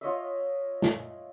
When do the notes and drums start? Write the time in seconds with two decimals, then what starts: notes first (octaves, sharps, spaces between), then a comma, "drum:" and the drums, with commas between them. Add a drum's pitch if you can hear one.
0.01 F4 C#5 D#5 E5
0.82 drum: snare